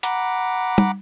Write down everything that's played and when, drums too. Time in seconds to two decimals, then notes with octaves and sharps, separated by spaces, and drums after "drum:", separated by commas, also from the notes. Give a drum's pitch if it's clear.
0.03 F#5 A#5 B5 D6, drum: hi-hat
0.78 drum: tom